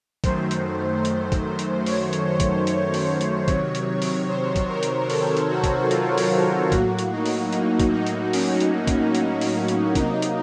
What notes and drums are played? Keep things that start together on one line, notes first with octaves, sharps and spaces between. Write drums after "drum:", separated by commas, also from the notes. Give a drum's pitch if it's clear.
F#2 D#3 F#3 A3 C5, drum: kick, hi-hat
drum: hi-hat
drum: hi-hat
drum: kick, hi-hat
drum: hi-hat
C#5, drum: open hi-hat
drum: hi-hat
C#5
drum: kick, hi-hat
C#5, drum: hi-hat
drum: open hi-hat
drum: hi-hat
C3 D#3 F#3, drum: kick, hi-hat
drum: hi-hat
drum: open hi-hat
C5
drum: kick, hi-hat
A#4
drum: hi-hat
A4, drum: open hi-hat
drum: hi-hat
F#4
drum: kick, hi-hat
F4, drum: hi-hat
drum: open hi-hat
A2 F#3 A#3 F#4, drum: kick, hi-hat
drum: hi-hat
D#4
drum: open hi-hat
D#4, drum: hi-hat
drum: kick, hi-hat
D#4
drum: hi-hat
C#4, drum: open hi-hat
drum: hi-hat
drum: kick, hi-hat
D#4, drum: hi-hat
drum: open hi-hat
drum: hi-hat
C3 F#3 A#3 D#4, drum: kick, hi-hat
drum: hi-hat